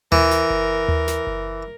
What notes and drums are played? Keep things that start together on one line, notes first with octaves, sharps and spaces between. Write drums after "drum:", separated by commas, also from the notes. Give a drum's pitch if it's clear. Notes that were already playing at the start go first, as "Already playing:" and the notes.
E3 A#4, drum: tom D#2
drum: snare
drum: kick F#1
drum: tom D#2
drum: snare
drum: kick F#1